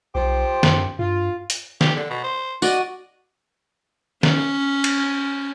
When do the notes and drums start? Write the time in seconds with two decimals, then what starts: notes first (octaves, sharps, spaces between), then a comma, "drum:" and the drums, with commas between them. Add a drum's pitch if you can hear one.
0.15 B1 F3 G4 C5
0.63 F#2, drum: snare
0.99 G2 F4
1.50 drum: hi-hat
1.81 G4, drum: snare
1.96 D3
2.10 B2
2.24 C5
2.62 F#4 D5 D#5, drum: tambourine
4.23 C#4, drum: snare
4.84 drum: cymbal